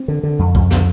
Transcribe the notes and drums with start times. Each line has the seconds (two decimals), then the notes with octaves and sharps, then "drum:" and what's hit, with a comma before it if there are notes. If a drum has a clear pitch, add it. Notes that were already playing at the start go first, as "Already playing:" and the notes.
Already playing: C4
0.08 D3
0.23 D3
0.39 F2
0.55 F2, drum: kick C#2
0.70 D3, drum: snare